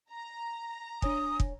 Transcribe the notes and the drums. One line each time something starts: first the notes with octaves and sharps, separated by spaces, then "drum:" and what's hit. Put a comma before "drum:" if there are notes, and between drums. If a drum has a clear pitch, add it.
A#5
D4 C#5 G#5 D#6, drum: kick
drum: kick